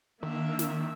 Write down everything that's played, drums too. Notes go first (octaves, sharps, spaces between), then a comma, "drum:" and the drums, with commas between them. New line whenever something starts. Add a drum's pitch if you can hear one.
D#3 A#3 D4 E5
drum: snare